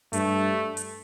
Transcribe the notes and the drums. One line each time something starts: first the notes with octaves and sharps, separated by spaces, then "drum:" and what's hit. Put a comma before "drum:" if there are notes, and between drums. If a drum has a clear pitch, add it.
G2 A3, drum: hi-hat
drum: hi-hat